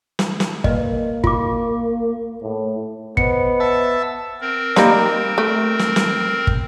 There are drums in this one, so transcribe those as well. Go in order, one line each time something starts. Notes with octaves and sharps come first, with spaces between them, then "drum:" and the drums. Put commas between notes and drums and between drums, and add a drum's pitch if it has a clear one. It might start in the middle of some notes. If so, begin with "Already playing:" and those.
drum: snare
drum: snare
A#3 B4 D#5, drum: kick
F4 D6, drum: kick
A2
B3 C5 D#5 C#7, drum: kick
E5 A5
C4 A#4
G3 A#3 D#4, drum: snare
A3
drum: snare
drum: snare
drum: kick